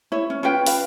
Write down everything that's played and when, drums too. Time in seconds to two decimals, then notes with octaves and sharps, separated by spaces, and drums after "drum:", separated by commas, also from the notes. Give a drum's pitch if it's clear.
0.12 E4 C#5
0.30 C#4
0.43 C#4 F4 B4 G5
0.67 B4 F5, drum: open hi-hat